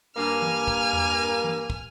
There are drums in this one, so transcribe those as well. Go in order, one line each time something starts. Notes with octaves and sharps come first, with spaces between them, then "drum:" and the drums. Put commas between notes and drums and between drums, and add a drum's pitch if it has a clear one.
G2 A#3 G#5 F6
drum: tom E3
drum: kick
drum: tom E2
drum: tom E3
drum: kick